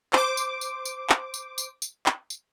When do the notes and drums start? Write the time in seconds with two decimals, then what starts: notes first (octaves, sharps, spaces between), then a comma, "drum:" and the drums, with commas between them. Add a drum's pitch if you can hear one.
0.13 C5 D6, drum: clap
0.37 drum: tambourine
0.61 drum: tambourine
0.85 drum: tambourine
1.10 drum: clap
1.34 drum: tambourine
1.58 drum: tambourine
1.82 drum: tambourine
2.06 drum: clap
2.30 drum: tambourine